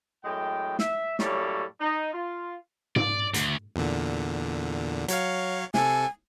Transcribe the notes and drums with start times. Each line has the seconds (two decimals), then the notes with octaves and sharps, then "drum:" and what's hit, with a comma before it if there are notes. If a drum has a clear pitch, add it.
0.25 F#2 A2 G#3 G5
0.79 E5, drum: snare
1.19 F#2 A2 G3 A#3 A4 C#5, drum: snare
1.80 D#4
2.13 F4
2.96 D5, drum: tom G#2
3.34 D2, drum: hi-hat
3.76 E2 A#2 D3
5.08 F#3 C#5 F5, drum: hi-hat
5.74 C3 A4 G#5, drum: snare